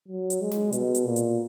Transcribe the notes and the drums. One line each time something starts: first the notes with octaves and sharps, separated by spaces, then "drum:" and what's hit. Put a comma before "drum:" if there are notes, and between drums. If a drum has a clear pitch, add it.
F#3
drum: hi-hat
G#3
drum: snare
B2, drum: hi-hat
drum: hi-hat
A#2
drum: hi-hat